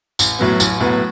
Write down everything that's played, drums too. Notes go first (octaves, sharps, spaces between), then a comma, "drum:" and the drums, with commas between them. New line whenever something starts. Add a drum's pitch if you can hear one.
A1, drum: tambourine
A2 F#3 B3
A1, drum: tambourine
A2 F#3 B3